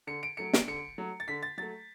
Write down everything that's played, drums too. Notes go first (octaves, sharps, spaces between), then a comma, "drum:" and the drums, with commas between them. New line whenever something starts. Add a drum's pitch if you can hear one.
D3 C#7
D7
F#3 A3 C#7
D7, drum: snare
D3 C#7
F#3 A3
A6
D3 B6
A6
F#3 A3 A6